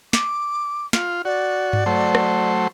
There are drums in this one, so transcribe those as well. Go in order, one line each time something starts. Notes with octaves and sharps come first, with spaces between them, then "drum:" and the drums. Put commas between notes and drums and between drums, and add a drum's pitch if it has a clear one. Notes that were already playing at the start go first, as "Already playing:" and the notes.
D6, drum: snare
F4, drum: snare
F#4 D5
drum: tom G2
F#3 A3 C5
drum: rim click